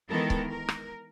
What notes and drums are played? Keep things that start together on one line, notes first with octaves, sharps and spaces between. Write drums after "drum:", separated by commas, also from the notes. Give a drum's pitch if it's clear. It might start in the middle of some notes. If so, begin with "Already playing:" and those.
D#3 E3 G#3 B3 A4 A#4
drum: kick C#1
A#4
drum: rim click